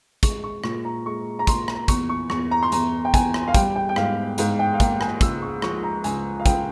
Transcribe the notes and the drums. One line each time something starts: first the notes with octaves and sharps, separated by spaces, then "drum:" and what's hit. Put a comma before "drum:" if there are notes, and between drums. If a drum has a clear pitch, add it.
G#3 C#6, drum: kick, hi-hat
C#6
A#2 C#6, drum: rim click
A#5
G#3 C#6
A#5
A#2 C6, drum: kick, hi-hat
drum: rim click
E2 C#6, drum: kick, hi-hat
C#6
E2 C#6, drum: rim click
A#5
C6
E2 A#5, drum: hi-hat
G5
E2 G#5, drum: kick, hi-hat
drum: rim click
F5
G3 G5, drum: kick, hi-hat
G5
G5
G#2 F5, drum: rim click
G#2 F5, drum: hi-hat
G5
F5
A#3 G5, drum: kick, hi-hat
G#5, drum: rim click
C#2 E6, drum: kick, hi-hat
C#6
F3 C#6, drum: rim click
A#5
C#2 G#5, drum: hi-hat
F5
C#2 G5, drum: kick, hi-hat